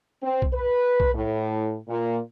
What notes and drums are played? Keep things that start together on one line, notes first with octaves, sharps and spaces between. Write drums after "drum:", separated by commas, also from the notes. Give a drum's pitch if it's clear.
C4
drum: kick B1
B4
drum: kick B1
A2
A#2